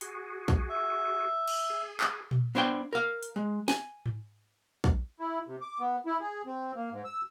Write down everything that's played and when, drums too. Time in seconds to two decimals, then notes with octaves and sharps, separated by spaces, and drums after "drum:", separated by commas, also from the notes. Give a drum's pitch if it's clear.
0.01 F#4 G#4, drum: hi-hat
0.48 drum: kick
0.69 E5
1.48 drum: cymbal
1.70 G#4
2.01 drum: clap
2.31 drum: tom A#2
2.55 B3 D4 C5 C#5 F5 G5
2.93 A#4 F5
3.23 drum: hi-hat
3.36 G#3
3.68 G#5, drum: snare
4.06 drum: tom G#2
4.84 drum: kick
5.20 E4
5.47 C3
5.61 D6
5.80 B3
6.06 E4
6.20 G#4
6.46 C4
6.76 A#3
6.92 G#2
7.05 E6